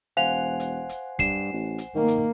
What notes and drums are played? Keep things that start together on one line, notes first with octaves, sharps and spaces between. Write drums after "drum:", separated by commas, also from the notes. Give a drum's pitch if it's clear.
E1 C5 F5 F#5 G#5 F7
drum: hi-hat
drum: hi-hat
G2 C7 E7, drum: kick, hi-hat
A1
drum: hi-hat
D#3 A#3
drum: hi-hat